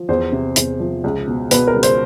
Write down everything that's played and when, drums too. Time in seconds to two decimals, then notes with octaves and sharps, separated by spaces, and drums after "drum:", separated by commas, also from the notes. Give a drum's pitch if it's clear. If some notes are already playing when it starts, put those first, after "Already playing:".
Already playing: F3
0.09 E2 C5
0.32 C3
0.56 E2, drum: hi-hat
0.80 F3
1.04 C#2
1.27 B2
1.51 B2 B4, drum: hi-hat
1.67 A#4
1.75 C#2
1.83 C5, drum: hi-hat